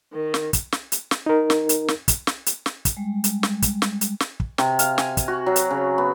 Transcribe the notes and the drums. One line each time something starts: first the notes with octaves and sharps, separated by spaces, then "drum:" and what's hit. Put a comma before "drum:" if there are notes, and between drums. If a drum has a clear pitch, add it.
D#3
drum: snare
drum: kick, hi-hat
drum: snare
drum: hi-hat
drum: snare
D#4 A#4
drum: snare
drum: hi-hat
drum: snare
drum: kick, hi-hat
drum: snare
drum: hi-hat
drum: snare
drum: kick, hi-hat
G3 G#3
drum: hi-hat
drum: snare
drum: kick, hi-hat
drum: snare
drum: hi-hat
drum: snare
drum: kick
C3, drum: snare
F5, drum: hi-hat
G#5, drum: snare
drum: kick, hi-hat
F#4
F#3
drum: hi-hat
C#3
B3